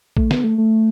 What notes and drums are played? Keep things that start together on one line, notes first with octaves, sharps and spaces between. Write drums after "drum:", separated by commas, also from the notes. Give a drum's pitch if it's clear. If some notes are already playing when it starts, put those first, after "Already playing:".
A3, drum: kick
B3, drum: snare
A3
A3